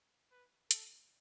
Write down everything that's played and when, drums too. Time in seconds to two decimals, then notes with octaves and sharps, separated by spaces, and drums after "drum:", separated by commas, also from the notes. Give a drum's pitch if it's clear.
0.31 B4
0.71 A4, drum: hi-hat